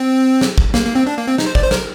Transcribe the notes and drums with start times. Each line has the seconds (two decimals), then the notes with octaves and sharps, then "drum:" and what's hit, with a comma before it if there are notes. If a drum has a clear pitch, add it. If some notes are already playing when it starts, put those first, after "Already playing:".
Already playing: C4
0.41 drum: snare
0.58 drum: kick
0.74 A#3, drum: snare
0.85 A#3
0.95 C4
1.07 D4
1.18 A#3
1.28 C4
1.38 D#4, drum: snare
1.46 C5
1.55 D5, drum: kick
1.63 C5
1.71 A#4, drum: snare